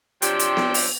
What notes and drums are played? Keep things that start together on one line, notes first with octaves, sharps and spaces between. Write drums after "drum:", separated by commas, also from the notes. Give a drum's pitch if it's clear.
C3 F3 F#3 C4 D4 G4, drum: hi-hat
drum: hi-hat
drum: snare B3
drum: open hi-hat